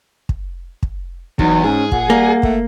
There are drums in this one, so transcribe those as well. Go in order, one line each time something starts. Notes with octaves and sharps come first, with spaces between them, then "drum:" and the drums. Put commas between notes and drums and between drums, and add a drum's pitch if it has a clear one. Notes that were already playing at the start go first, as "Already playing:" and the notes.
drum: kick
drum: kick
E2 F#3 D#4, drum: kick
G#2 C#4 G#4
A#2 F#5, drum: kick
G3 A#3
A3, drum: kick